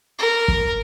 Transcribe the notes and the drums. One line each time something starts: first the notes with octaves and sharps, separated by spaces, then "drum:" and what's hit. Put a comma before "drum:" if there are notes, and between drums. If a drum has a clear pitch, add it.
A#4
drum: kick